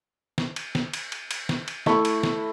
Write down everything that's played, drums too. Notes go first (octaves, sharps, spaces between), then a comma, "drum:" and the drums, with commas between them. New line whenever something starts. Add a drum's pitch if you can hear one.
drum: snare
drum: cymbal
drum: snare
drum: cymbal
drum: cymbal
drum: cymbal
drum: snare
drum: cymbal
A3 E4 B5 C#6, drum: snare
drum: cymbal
drum: snare